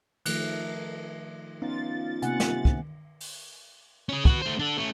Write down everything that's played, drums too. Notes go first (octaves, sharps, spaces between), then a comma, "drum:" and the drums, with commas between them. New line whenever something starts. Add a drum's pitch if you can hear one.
D#3 F3 A3 F#6, drum: cymbal
B3 C#4 D#4 F4 A6
C3 A#3 F#5 G#5, drum: hi-hat
drum: snare
drum: kick
drum: open hi-hat
C#4 G#4
F#4 B4, drum: kick
A3 C5
D4 A4
A3 C#4